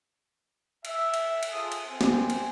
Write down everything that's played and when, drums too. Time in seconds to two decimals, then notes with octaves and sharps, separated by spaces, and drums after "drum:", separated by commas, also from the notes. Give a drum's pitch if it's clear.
0.85 E5, drum: cymbal
1.14 drum: cymbal
1.43 drum: cymbal
1.52 F4 G#4 A4 D#6
1.72 drum: cymbal
1.86 C4 G#5
2.01 drum: snare
2.30 drum: cymbal